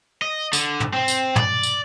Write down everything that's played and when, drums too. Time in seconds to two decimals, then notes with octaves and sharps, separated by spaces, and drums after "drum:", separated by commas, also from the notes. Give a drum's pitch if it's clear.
0.22 D#5
0.53 D3, drum: tambourine
0.80 drum: tom
0.93 C4
1.08 drum: tambourine
1.36 D5, drum: tom
1.63 drum: tambourine